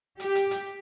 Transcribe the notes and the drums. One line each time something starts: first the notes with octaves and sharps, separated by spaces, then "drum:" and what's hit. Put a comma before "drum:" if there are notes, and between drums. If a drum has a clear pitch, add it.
G4, drum: hi-hat
drum: hi-hat
drum: hi-hat